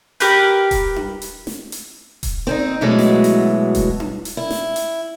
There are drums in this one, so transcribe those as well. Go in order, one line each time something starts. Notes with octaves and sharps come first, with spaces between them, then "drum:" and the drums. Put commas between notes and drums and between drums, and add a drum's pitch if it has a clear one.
G4 A#4 B4, drum: hi-hat
drum: kick D#1, hi-hat
drum: tom D4
drum: hi-hat
drum: snare
drum: hi-hat
drum: kick D#1, hi-hat
C4 C#4 D#4
B2 E3 F#3 G#3 A3
drum: snare
drum: hi-hat
drum: kick D#1, hi-hat
drum: tom D4
drum: hi-hat
E4
drum: snare
drum: hi-hat